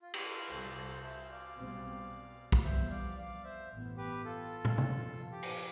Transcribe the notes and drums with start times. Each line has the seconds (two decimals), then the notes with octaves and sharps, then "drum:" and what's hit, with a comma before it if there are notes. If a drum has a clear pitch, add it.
0.00 F4
0.14 G4, drum: cymbal
0.25 A4
0.37 B4
0.50 C2 C3 G3 A4 C5
0.65 D5
0.76 A4 C5
1.03 C5 E5
1.31 D5 F5
1.57 B1 B2 G3 C4
2.52 F5, drum: kick B1
2.64 F2 E3 G3 B3 C5 E5
2.90 D5 F5
3.18 D5 F5
3.44 C5 E5
3.71 A1 G2 E3 B3
3.97 G4 B4
4.25 F4 A4
4.65 drum: tom
4.78 G2 F3 B3, drum: tom
5.32 G4
5.43 drum: open hi-hat